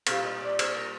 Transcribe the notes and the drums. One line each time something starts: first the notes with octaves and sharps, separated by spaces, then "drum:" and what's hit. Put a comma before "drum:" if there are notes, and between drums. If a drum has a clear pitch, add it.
A#2 G3 F5, drum: cymbal
D#5
D5
C5, drum: cymbal
A#4